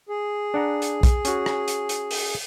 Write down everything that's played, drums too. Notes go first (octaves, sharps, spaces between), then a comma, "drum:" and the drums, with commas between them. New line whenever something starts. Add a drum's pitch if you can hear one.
G#4
D4 F#5 A#5
drum: hi-hat
drum: kick, hi-hat
C#4 F#4, drum: hi-hat
drum: rim click
drum: hi-hat
drum: hi-hat
drum: open hi-hat